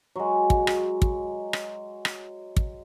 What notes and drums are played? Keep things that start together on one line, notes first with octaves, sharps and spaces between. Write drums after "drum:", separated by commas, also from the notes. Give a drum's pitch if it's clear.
F#3 G#3
drum: kick
drum: rim click
drum: kick
drum: rim click
drum: rim click
drum: kick